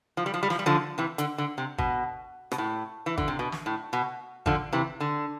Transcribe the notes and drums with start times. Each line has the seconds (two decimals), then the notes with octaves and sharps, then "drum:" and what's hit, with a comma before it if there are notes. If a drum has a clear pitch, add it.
0.17 F3
0.26 G3
0.34 F3
0.43 G3
0.50 F3, drum: snare
0.59 G3
0.66 D3 F3
0.98 C3 E3
1.18 D3, drum: hi-hat
1.38 D3
1.58 C3
1.78 B2, drum: kick G#1
2.52 B2, drum: rim click
2.58 A2
3.06 E3
3.18 D3, drum: kick G#1
3.28 C3
3.39 B2
3.52 drum: snare
3.66 A2
3.93 B2
4.46 D3 F3, drum: kick G#1
4.73 C3 E3
5.00 D3